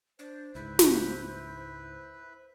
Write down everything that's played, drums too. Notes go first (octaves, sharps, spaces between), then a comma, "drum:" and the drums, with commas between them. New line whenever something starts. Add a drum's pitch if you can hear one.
D4 C5
C#2 G#2 E4 B4 E5
drum: snare